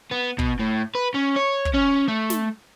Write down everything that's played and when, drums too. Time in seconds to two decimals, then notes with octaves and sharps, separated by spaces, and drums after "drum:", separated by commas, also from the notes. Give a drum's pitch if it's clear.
0.11 B3
0.39 B2, drum: kick
0.60 A2
0.95 B4
1.14 C#4
1.36 C#5
1.65 drum: kick
1.74 C#4
2.08 A3
2.30 drum: snare